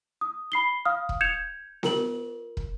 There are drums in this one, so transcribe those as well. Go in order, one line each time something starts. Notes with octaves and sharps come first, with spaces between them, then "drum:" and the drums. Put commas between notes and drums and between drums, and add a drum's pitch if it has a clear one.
D#6
B5 C7 G7
F5 D#6 F6
drum: kick
G6 G#6 C#7 E7 F7
F4 A#4 F#7, drum: snare B3
drum: kick